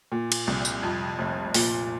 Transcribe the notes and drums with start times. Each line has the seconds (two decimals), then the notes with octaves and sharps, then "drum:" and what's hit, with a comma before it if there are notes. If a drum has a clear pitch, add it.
0.12 A#2
0.32 drum: cymbal
0.47 C2
0.65 drum: tambourine
0.83 F2
1.19 F1
1.54 A#2, drum: open hi-hat